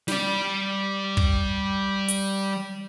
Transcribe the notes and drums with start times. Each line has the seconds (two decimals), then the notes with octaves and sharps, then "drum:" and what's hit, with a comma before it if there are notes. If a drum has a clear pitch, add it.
0.08 G3 D5, drum: snare
1.17 drum: kick
2.08 drum: hi-hat